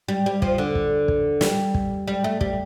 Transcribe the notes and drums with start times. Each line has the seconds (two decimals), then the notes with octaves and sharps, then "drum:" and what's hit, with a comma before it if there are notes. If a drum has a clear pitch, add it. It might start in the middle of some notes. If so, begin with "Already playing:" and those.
0.08 G3
0.26 G3
0.42 F3, drum: kick
0.58 D3
0.75 drum: kick
1.08 drum: kick
1.41 G3, drum: snare
1.74 drum: kick
2.08 G3
2.24 A3
2.41 G3, drum: kick